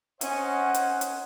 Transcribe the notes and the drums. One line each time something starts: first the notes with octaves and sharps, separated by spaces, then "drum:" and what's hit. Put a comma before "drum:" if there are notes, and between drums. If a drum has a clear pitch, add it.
C#4 C5 D#5 F#5, drum: hi-hat
drum: hi-hat
drum: hi-hat